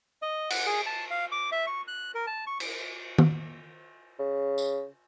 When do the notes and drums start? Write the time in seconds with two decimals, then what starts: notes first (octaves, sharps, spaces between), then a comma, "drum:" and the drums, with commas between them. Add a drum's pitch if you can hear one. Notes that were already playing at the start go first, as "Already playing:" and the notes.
0.22 D#5
0.50 F#5, drum: cymbal
0.66 G#4
0.86 A5
1.11 F5
1.32 D6
1.52 E5
1.67 C#6
1.87 F#6
2.15 A#4
2.27 A5
2.47 C#6
2.60 drum: cymbal
3.18 drum: tom D#3
4.19 C#3
4.58 drum: tambourine